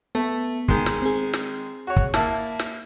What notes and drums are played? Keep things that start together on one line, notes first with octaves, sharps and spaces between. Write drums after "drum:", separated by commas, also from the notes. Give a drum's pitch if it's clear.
A3 B3
D#3 G#3, drum: kick
drum: snare
C4 G#4
drum: snare
F#4 C#5
drum: kick
A#3 E4 A5, drum: snare
drum: snare